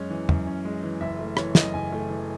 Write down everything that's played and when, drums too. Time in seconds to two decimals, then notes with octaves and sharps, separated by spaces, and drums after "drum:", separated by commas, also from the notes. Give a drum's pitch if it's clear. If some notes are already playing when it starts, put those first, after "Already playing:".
Already playing: F#2 G#3 C#4
0.10 E3
0.29 F#2, drum: tom
0.47 C#4
0.65 G#3
0.83 E3
1.01 F#1 E5
1.19 A3
1.37 E3 C#5, drum: rim click
1.55 F#2 D#5, drum: snare
1.74 F#1 G#5
1.92 A3
2.10 E3